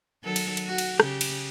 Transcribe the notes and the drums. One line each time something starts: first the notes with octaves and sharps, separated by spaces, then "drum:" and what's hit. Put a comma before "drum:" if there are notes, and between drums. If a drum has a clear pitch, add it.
D#3 F#3 A4
drum: cymbal
drum: cymbal
F#4
drum: cymbal
C#3 G4, drum: rim click
drum: cymbal